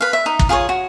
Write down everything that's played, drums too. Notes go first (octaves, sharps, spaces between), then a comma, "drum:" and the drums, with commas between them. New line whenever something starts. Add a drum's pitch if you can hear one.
B4 F5
E5
D#4
drum: kick
F4 G#4 C5 C#5
F#4